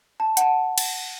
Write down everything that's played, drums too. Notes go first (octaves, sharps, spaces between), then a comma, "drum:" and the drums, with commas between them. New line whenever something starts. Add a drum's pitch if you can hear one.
A5
F#5 A5, drum: hi-hat
drum: cymbal